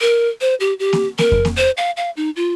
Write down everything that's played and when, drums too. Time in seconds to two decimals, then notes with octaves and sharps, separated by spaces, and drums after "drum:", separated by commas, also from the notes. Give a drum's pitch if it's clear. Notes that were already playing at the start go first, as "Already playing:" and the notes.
0.01 A#4
0.41 C5
0.60 G4
0.79 G4
0.93 drum: snare A#3
1.18 A#4, drum: snare A#3
1.32 drum: kick F2
1.45 drum: snare A#3
1.57 C5
1.77 F5
1.97 F5
2.17 D#4
2.36 F4